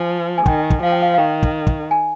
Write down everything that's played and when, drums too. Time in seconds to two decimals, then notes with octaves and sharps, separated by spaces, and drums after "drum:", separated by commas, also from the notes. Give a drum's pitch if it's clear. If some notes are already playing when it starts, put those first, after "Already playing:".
Already playing: F3 G#5
0.38 G#5
0.46 D#3 G5, drum: kick
0.70 drum: kick
0.82 F3 F5
0.92 G5
1.02 F5
1.14 F5
1.18 D#3 G5
1.43 drum: kick
1.67 drum: kick
1.91 G#5